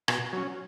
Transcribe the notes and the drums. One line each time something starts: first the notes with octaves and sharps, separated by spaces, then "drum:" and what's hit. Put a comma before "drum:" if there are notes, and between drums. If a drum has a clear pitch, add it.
B2, drum: rim click
F#3 C#4